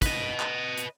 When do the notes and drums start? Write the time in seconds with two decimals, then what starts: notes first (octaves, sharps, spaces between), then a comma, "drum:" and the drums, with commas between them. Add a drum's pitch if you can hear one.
0.02 B4 D#5, drum: kick, hi-hat
0.40 drum: clap
0.78 drum: hi-hat